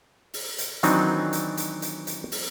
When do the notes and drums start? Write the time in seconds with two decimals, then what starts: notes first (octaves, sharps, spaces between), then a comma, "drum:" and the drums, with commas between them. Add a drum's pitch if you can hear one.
0.34 drum: open hi-hat
0.58 drum: hi-hat
0.83 D#3 E3 F#3 C4 D4 D#4, drum: hi-hat
1.33 drum: hi-hat
1.57 drum: hi-hat
1.82 drum: hi-hat
2.07 drum: hi-hat
2.32 drum: open hi-hat